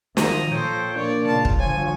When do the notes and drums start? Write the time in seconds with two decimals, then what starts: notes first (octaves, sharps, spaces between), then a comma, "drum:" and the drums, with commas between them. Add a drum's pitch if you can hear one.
0.17 D#3 F3 A#5 D#6, drum: snare
0.52 A#2 F3 A4 C5 C#5 G5
0.96 A#3 D4 C#5 D5
1.27 A#2 C#3 F4 A5
1.45 drum: kick
1.60 D3 F3 C#5 G#5